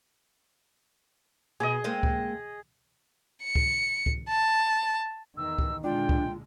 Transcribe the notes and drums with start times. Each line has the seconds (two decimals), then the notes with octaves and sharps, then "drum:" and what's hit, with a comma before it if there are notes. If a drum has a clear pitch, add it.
1.60 B2 G#4 D#5
1.84 G#3 A#3 C4
2.03 drum: kick C#2
3.44 C#7
3.55 drum: kick C#2
4.06 drum: kick C#2
4.29 A5
5.37 E2 D#3 E3 E6
5.58 drum: kick C#2
5.84 A#2 D3 G#3 D4 F4 G5
6.09 drum: kick C#2